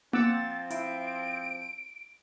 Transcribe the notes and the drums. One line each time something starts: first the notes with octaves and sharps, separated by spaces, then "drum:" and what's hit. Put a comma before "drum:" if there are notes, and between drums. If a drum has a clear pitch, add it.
F3 C4 F#5 D6 E6 A6, drum: tom A#3
E4 D7, drum: hi-hat